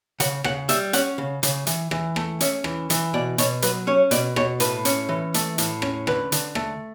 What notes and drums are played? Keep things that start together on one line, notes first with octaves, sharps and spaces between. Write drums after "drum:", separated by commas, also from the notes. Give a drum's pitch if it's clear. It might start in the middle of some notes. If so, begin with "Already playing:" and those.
C#3 F#5, drum: hi-hat
C#3 F#5, drum: rim click
G3 E5, drum: hi-hat
C#4 F#5, drum: hi-hat
C#3
C#3, drum: hi-hat
E3, drum: hi-hat
E3, drum: rim click
A3, drum: rim click
C#4 E5, drum: hi-hat
E3, drum: rim click
E3, drum: hi-hat
B2 D5
B2 C#5, drum: hi-hat
F#3 B4, drum: hi-hat
C#4 C#5
B2 D5, drum: hi-hat
B2 C#5, drum: rim click
A2 B4, drum: hi-hat
C#4, drum: hi-hat
E3
A3, drum: hi-hat
A2, drum: hi-hat
C#4, drum: rim click
D3 B4, drum: rim click
D3, drum: hi-hat
A3, drum: rim click